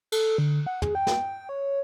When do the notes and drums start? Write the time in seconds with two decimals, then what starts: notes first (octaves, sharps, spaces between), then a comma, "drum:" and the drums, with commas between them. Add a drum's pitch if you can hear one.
0.12 A4, drum: cymbal
0.38 D3
0.67 F#5
0.82 G#4, drum: tom
0.95 G5
1.07 drum: snare
1.49 C#5